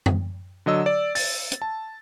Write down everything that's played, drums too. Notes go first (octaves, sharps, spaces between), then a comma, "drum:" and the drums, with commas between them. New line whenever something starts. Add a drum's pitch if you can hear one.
drum: tom F#2
D3 F#3 D#5 E6
D5
A6, drum: open hi-hat
drum: hi-hat
A5